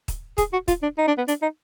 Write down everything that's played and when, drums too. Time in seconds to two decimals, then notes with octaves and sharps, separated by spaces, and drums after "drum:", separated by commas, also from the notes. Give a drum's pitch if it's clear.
0.08 drum: kick, hi-hat
0.38 G#4, drum: kick, hi-hat
0.53 F#4
0.68 F4, drum: kick, hi-hat
0.83 D4
0.98 D#4
1.07 D4
1.18 B3
1.28 D4, drum: hi-hat
1.42 D#4